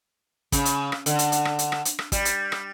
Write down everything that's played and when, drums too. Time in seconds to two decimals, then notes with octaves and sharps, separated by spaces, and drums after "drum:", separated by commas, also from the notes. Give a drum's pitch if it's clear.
0.52 C#3, drum: kick, hi-hat
0.65 drum: hi-hat
0.92 drum: rim click
1.06 D3, drum: hi-hat
1.19 drum: hi-hat
1.32 drum: hi-hat
1.45 drum: rim click
1.59 drum: hi-hat
1.72 drum: rim click
1.85 drum: hi-hat
1.99 drum: rim click
2.12 G3, drum: kick, hi-hat
2.25 drum: hi-hat
2.52 drum: rim click